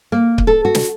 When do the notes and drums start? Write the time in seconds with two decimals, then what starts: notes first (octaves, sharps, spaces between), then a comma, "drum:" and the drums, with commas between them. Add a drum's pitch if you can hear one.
0.12 A#3
0.38 drum: kick C#1
0.47 A4
0.65 F#4
0.75 drum: snare